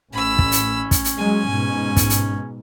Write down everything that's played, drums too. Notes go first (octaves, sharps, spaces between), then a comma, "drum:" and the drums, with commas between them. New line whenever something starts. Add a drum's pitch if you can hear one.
A1 C#4 B5 E6
drum: kick
drum: hi-hat
drum: kick, hi-hat
drum: hi-hat
F#3 G#3 G#5
G#2 B2
drum: kick, hi-hat
drum: hi-hat